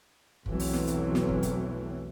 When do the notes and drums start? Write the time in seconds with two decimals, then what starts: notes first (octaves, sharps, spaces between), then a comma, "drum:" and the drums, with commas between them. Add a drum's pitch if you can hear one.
0.46 B1 E2 E3 F#3 A3 C4, drum: kick
0.60 drum: open hi-hat
0.73 drum: snare
0.87 drum: hi-hat
1.15 drum: snare
1.29 drum: kick
1.43 drum: kick, hi-hat